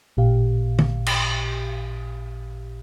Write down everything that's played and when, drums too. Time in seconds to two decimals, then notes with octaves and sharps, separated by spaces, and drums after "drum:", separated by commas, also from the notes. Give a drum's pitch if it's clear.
0.17 A1 A#2 G4 F5
0.79 drum: tom D3
1.06 drum: cymbal